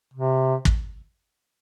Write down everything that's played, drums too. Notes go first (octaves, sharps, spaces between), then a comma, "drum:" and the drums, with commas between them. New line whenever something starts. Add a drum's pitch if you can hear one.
C3
drum: kick